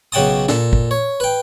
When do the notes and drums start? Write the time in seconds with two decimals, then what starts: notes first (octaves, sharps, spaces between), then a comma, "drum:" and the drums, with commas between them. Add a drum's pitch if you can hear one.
0.12 B1 C#3 F#5 G5 A5 D#6
0.48 A#2 A4, drum: snare
0.73 drum: kick
0.91 C#5
1.20 B4 G5